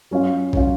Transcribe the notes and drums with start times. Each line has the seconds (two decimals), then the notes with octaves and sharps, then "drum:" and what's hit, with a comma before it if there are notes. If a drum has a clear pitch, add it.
0.11 F#3 C#4 F4
0.53 F#3 C#4 F4, drum: kick